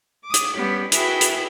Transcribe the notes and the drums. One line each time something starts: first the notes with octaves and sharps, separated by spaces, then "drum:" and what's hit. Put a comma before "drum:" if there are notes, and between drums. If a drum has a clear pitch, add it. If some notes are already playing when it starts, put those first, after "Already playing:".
D6 D#6
drum: hi-hat
G3 B3 C#4 G4
E4 F#4 G#4 B4 E5 G5, drum: hi-hat
drum: hi-hat